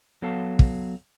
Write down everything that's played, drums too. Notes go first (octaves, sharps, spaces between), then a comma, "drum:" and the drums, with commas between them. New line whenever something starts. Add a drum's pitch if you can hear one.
F#3 B3 A4 F5 A5
drum: kick